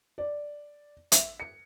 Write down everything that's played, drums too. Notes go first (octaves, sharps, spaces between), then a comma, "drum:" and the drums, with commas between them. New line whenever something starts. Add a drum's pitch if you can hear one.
D5
E5, drum: hi-hat
C#7